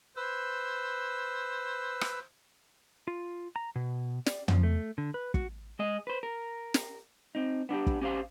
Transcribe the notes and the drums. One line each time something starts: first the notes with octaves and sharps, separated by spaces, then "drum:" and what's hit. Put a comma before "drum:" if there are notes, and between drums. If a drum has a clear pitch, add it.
B4 C5 E6
drum: rim click
F4
A#5
B2
D5, drum: snare
F3, drum: tom
A3
D3
B4
F#4, drum: kick
G#3 D#5
B4 C5
A#4
drum: snare
C4 D#4
B3 D4 F#4 G4
drum: kick
C#4 G4 C5 E5 F5 C6